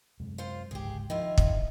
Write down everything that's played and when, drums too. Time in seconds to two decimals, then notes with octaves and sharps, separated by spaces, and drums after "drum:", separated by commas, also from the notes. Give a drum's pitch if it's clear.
0.20 F#2 C3 G#3
0.38 F4 C5
0.71 G1 C#2 G#2 G4 G#4
1.10 D#3 F3 E4 F4
1.38 drum: kick